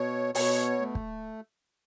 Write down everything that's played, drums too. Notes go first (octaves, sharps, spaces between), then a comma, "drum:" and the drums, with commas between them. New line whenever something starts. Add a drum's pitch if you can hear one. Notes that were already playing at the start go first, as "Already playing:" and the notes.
Already playing: B2 C#5
B2 C#5, drum: open hi-hat
A3
drum: kick